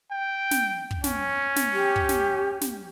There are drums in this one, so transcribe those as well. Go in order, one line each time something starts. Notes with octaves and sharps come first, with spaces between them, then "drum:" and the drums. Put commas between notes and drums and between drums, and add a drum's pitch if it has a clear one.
G5
drum: snare
drum: kick
C#4, drum: snare
drum: snare
G4
drum: kick
drum: snare
drum: snare